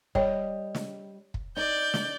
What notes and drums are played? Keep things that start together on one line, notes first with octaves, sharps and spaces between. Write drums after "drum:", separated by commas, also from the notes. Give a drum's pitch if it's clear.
G3 C#5 D#5 G5, drum: kick
drum: snare
drum: kick
D#4 D5 G6
drum: snare